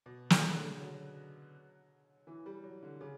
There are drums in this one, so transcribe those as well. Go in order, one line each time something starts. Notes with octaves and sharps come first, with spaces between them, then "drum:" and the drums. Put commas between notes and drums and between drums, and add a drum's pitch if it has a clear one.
B2
C#3, drum: snare
D3
F#3
E3
G3
F#3
D3
C#3